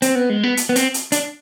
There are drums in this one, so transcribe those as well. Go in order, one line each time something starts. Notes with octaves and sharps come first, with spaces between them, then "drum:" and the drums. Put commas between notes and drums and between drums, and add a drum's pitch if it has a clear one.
C4, drum: hi-hat
B3
G#3
B3
drum: hi-hat
B3
C4, drum: hi-hat
drum: hi-hat
D4, drum: hi-hat